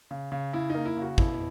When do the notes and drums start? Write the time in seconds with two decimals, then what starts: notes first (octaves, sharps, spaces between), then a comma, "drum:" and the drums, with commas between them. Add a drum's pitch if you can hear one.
0.11 C#3
0.32 C#3
0.53 C#3 E4
0.70 A#3 D#4
0.85 E4
0.97 C#3 F#4
1.18 B2 E4, drum: kick